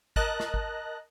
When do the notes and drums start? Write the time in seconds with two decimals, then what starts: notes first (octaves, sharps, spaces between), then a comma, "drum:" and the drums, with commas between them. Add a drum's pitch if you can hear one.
0.16 A#4 D#5 A5 F#6 A#6, drum: kick G#1
0.40 drum: snare
0.54 drum: kick G#1